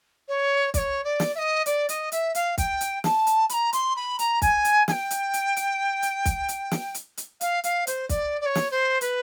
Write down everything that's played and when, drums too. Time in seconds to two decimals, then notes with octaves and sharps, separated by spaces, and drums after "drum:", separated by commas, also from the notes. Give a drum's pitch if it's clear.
0.28 C#5
0.74 D5, drum: kick, hi-hat
0.77 C#5
1.04 D5
1.20 drum: snare
1.35 E5
1.38 D#5
1.66 D5, drum: hi-hat
1.89 D#5, drum: hi-hat
2.12 E5, drum: hi-hat
2.35 F5, drum: hi-hat
2.58 G5, drum: kick, hi-hat
2.81 drum: hi-hat
3.04 A5, drum: snare
3.27 drum: hi-hat
3.49 B5, drum: hi-hat
3.53 A#5
3.73 C6, drum: hi-hat
3.96 B5
4.19 A#5, drum: hi-hat
4.42 G#5, drum: kick, hi-hat
4.65 drum: hi-hat
4.88 G#5, drum: snare
4.92 G5
5.11 drum: hi-hat
5.34 drum: hi-hat
5.57 drum: hi-hat
6.03 drum: hi-hat
6.25 drum: kick, hi-hat
6.48 drum: hi-hat
6.71 drum: snare
6.94 drum: hi-hat
7.17 drum: hi-hat
7.41 F5, drum: hi-hat
7.64 F5, drum: hi-hat
7.87 C5, drum: hi-hat
8.09 D5, drum: kick, hi-hat
8.41 D5
8.45 C#5
8.55 drum: snare
8.71 C5
9.01 B4, drum: hi-hat